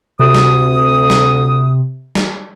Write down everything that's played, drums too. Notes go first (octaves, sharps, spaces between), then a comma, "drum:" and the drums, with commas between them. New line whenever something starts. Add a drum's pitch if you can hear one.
D2 C3 D#6
drum: snare
drum: snare
drum: snare